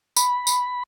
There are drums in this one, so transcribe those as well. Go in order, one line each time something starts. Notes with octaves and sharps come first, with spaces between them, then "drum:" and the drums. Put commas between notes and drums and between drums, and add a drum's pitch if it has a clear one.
B5, drum: tambourine
drum: tambourine